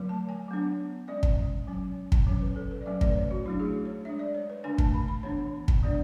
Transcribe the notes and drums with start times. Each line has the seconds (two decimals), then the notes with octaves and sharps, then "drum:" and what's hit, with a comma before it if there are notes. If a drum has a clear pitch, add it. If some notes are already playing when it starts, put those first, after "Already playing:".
Already playing: D3 F#3 A3
0.09 A5
0.29 G#5
0.48 F#3 B3 D4
1.08 G#3 C#4 D5
1.23 drum: kick
1.67 F#3 C#4
2.12 drum: kick
2.26 F#3 C#4 C#5
2.41 B4
2.56 A4
2.71 B4
2.81 D5
2.86 F#3 A3 C#4 E5
3.01 D5, drum: kick
3.09 B4
3.16 C#5
3.31 F#4
3.45 F#3 A3 D4 E4
3.59 G#4
3.65 F#4
3.85 C#5
4.05 G#3 D4 E5
4.19 D5
4.35 C#5
4.50 B4
4.64 D3 A3 D4 G#5
4.78 A5, drum: kick
4.94 B5
5.08 B5
5.23 E3 B3 D4 C#5
5.68 drum: kick
5.83 G#3 B3 D4 D5